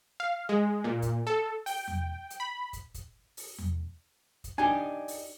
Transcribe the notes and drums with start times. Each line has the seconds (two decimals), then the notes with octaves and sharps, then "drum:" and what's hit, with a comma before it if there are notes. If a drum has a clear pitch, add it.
0.20 F5
0.49 G#3
0.84 A#2
1.02 drum: kick, hi-hat
1.27 A4
1.66 G5, drum: open hi-hat
1.88 drum: tom E2
2.30 drum: hi-hat
2.40 B5
2.73 drum: kick, hi-hat
2.94 drum: kick, hi-hat
3.37 drum: open hi-hat
3.58 drum: tom E2
4.44 drum: kick, hi-hat
4.58 D4 D#4 G4 G#5
5.08 drum: open hi-hat